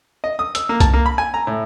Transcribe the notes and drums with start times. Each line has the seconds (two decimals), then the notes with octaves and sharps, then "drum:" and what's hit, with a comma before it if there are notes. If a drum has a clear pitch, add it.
0.24 D#5
0.39 D#6
0.55 E6, drum: hi-hat
0.69 A#3
0.80 A5, drum: kick C2, hi-hat
0.94 A#3
1.06 B5
1.18 G#5
1.34 A#5
1.47 A2